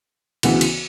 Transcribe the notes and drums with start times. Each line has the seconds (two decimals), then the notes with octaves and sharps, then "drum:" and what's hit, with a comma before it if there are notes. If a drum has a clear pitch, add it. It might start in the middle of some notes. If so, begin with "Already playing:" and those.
0.43 D2 C#3 E3 B3 F#4, drum: cymbal
0.61 drum: cymbal